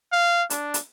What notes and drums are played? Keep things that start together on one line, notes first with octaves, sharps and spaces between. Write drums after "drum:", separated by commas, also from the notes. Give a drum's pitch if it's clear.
F5
D4, drum: hi-hat
drum: hi-hat